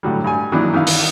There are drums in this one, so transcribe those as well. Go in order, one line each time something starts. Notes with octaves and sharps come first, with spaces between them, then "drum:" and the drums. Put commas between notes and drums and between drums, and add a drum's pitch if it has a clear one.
A2 D3 F#3 G3
G2 G#5
D#3 E3 F#3 A#3 B3 D4
D#3 E3 B3 F5
drum: open hi-hat